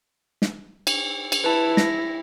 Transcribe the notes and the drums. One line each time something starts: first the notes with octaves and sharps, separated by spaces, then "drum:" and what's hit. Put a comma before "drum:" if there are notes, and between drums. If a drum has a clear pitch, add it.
drum: snare
drum: cymbal
drum: cymbal
E4 B4 A5
A#6, drum: snare